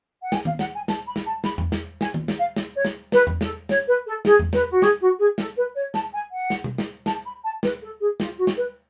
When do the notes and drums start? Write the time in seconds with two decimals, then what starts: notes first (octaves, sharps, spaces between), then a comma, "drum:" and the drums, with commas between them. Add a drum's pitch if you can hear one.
0.22 F#5
0.32 G#5, drum: snare
0.45 F5, drum: tom D#3
0.59 F#5, drum: snare
0.74 G#5
0.88 A5, drum: snare
1.07 B5
1.16 drum: snare
1.26 A5
1.44 B5, drum: snare
1.58 drum: tom E2
1.72 drum: snare
2.01 G#5, drum: snare
2.14 drum: tom D#3
2.28 drum: snare
2.38 F5
2.56 drum: snare
2.75 C#5
2.85 drum: snare
3.12 B4, drum: snare
3.27 drum: tom E2
3.41 A4, drum: snare
3.69 C#5, drum: snare
3.87 B4
4.06 A4
4.25 G#4, drum: snare
4.39 drum: tom E2
4.53 B4, drum: snare
4.71 F#4
4.82 G#4, drum: snare
5.00 F#4
5.18 G#4
5.38 A4, drum: snare
5.56 B4
5.75 C#5
5.94 A5, drum: snare
6.13 G#5
6.31 F#5
6.50 drum: snare
6.64 drum: tom B2
6.78 drum: snare
7.06 A5, drum: snare
7.25 B5
7.44 A5
7.63 B4, drum: snare
7.82 A4
8.00 G#4
8.20 F4, drum: snare
8.37 F#4
8.47 drum: snare
8.56 B4